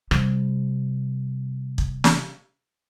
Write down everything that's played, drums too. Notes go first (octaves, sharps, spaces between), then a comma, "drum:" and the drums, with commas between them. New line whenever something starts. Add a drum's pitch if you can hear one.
C3 G3, drum: rim click
drum: kick
drum: snare